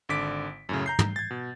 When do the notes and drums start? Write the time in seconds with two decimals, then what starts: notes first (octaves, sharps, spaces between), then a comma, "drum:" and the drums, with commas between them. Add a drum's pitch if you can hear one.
0.09 G#1 D3 D5 D6 B6 D7
0.69 F#2 A2 C#3
0.86 A#5 G6 C7
0.99 drum: tom
1.16 G#6 A6
1.31 B2